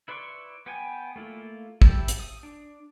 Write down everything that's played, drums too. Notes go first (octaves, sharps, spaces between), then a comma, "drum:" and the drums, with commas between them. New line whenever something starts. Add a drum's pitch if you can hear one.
E4 B4 D5 C6 C#6
B3 B4 G5 G#5
A3 A#3 E4 F4
E4 G4 E5 A5, drum: kick
drum: hi-hat
D#6
D4